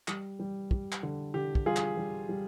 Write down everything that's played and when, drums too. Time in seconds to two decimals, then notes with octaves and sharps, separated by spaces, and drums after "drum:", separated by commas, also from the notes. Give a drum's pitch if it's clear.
0.08 G3, drum: clap
0.40 G3
0.71 G3, drum: kick
0.92 drum: clap
1.03 D3
1.34 D3 G4
1.55 drum: kick
1.66 G3 F4 G#4
1.76 drum: clap
1.97 G3
2.29 G3